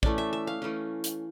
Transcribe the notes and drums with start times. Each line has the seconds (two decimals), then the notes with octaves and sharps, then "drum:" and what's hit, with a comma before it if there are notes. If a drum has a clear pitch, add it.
0.03 E3 A3 C#4 D5, drum: kick
0.18 E5
0.33 E5
0.47 F5
0.62 E3 A3 C#4
1.04 drum: hi-hat